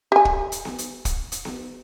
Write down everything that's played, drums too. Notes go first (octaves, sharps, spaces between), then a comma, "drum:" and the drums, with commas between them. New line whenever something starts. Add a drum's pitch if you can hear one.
G4 G#5
drum: kick
drum: hi-hat
drum: snare B3
drum: hi-hat
drum: kick, hi-hat
drum: hi-hat
drum: snare B3